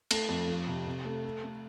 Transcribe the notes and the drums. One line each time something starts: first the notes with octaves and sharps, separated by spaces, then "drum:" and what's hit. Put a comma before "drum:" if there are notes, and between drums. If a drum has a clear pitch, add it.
A3, drum: cymbal
F2
F3
C3
C3
A3
A4
A3